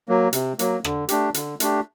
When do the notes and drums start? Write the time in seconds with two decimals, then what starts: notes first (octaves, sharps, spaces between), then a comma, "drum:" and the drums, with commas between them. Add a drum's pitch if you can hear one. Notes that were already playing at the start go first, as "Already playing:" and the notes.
0.09 F#3 A#3
0.33 C3, drum: hi-hat
0.59 F#3 A#3, drum: hi-hat
0.84 D3, drum: rim click
1.09 A3 D4 G4, drum: hi-hat
1.34 D3, drum: hi-hat
1.60 A3 D4 G4, drum: hi-hat